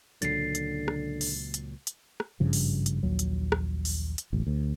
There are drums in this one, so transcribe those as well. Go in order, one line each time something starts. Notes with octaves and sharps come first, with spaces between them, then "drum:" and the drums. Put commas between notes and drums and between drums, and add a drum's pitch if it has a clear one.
C#2 A#2 D3 F#3 A6 C7, drum: hi-hat
drum: hi-hat
drum: rim click
drum: open hi-hat
drum: hi-hat
drum: hi-hat
drum: rim click
G#1 G2 C#3 F3
drum: open hi-hat
drum: hi-hat
A#1 D#2 F#3
drum: hi-hat
drum: rim click
drum: open hi-hat
drum: hi-hat
E1 A1 D2
D2